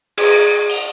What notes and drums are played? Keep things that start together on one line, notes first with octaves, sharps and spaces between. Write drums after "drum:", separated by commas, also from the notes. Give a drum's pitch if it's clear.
G#4, drum: cymbal
drum: open hi-hat